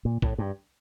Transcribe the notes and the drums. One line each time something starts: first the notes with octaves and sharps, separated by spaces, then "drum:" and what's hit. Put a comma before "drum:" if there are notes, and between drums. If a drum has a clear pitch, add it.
A#2
A2, drum: kick A#1
G2